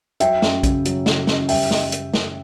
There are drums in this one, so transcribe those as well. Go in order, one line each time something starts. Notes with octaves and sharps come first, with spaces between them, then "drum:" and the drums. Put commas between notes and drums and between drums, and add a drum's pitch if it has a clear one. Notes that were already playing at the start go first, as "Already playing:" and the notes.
F#3 E5 G5, drum: hi-hat
F#2, drum: snare
C#3, drum: kick A#1, hi-hat
F#3, drum: hi-hat
C#3, drum: snare
F#2, drum: snare
G3 E5 G5, drum: open hi-hat
drum: snare
drum: hi-hat
drum: snare